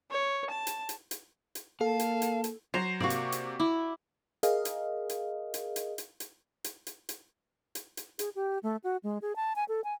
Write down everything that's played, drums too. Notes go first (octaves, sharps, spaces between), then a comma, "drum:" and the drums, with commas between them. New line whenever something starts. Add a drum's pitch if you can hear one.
C#5
A5
drum: hi-hat
drum: hi-hat
drum: hi-hat
drum: hi-hat
A#3 A4 F5 A5
drum: hi-hat
drum: hi-hat
drum: hi-hat
F#3 C5 A#5 C7
C3 A#3 F#4 D5 C#6
drum: hi-hat
drum: hi-hat
E4 D6
G#4 A#4 D#5 F5, drum: hi-hat
drum: hi-hat
drum: hi-hat
drum: hi-hat
drum: hi-hat
drum: hi-hat
drum: hi-hat
drum: hi-hat
drum: hi-hat
drum: hi-hat
drum: hi-hat
drum: hi-hat
G#4, drum: hi-hat
G4
A3
F#4
G#3
G#4
A5
G#5
A4
G#5